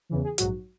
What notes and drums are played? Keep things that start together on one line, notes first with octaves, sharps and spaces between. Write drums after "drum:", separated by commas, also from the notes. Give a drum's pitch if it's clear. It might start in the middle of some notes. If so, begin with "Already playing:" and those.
E2 C#3 E3
G#4
A#1 G#2 F#3 F#4, drum: hi-hat